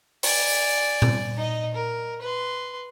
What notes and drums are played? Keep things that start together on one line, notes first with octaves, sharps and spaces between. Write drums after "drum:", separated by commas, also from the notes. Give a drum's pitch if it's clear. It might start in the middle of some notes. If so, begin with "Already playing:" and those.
D5 G#5, drum: open hi-hat
drum: tom A#2
D#4 D#5
A#4
B4 C6